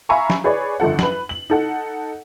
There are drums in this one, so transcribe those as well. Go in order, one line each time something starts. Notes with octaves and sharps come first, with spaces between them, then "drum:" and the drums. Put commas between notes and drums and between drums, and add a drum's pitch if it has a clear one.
E5 F5 G#5 A#5 B5 C#6
drum: snare
G#4 B4 C#5 D5
G1 F2 A4 F#5
B4 F#7, drum: snare
F#7
D#4 A4 F#5